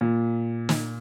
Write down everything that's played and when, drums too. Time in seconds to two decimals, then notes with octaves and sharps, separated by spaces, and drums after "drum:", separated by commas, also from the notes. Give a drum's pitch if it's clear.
0.01 A#2
0.69 drum: snare